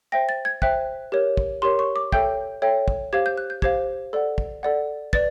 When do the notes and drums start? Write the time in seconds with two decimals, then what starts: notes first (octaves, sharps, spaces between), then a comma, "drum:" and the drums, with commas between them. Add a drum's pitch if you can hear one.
0.12 C5 E5 G5 A#6
0.29 A6
0.45 G#6
0.62 C5 E5 G5 F#6, drum: kick
1.12 G4 A#4 C#5
1.37 drum: kick
1.62 G4 A#4 C#5 C6
1.79 C#6
1.96 D6
2.12 A4 C#5 E5 G5 G6, drum: kick
2.62 A4 C#5 E5 G5
2.88 drum: kick
3.13 G4 C5 F5 G#6
3.26 G6
3.38 F#6
3.50 G6
3.62 G4 C5 F5 G#6, drum: kick
4.13 A4 D5 F#5
4.38 drum: kick
4.63 A4 D5 F#5
5.13 B4 D5 A6, drum: kick